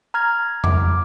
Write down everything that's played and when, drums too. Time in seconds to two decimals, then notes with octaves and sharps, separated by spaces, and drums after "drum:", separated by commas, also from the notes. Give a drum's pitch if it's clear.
0.14 A#5 F6 G#6
0.64 D6, drum: tom F2